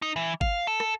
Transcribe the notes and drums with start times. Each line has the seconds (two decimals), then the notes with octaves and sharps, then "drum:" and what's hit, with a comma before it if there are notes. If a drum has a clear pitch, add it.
0.02 D#4
0.16 E3
0.41 F5, drum: kick G1
0.67 A4
0.80 drum: rim click